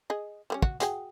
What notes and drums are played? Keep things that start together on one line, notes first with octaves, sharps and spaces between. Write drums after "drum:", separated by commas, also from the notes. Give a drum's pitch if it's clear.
G#4 D#5
G3 B3 C#4
F#4, drum: kick
F#4 G#4 G5, drum: hi-hat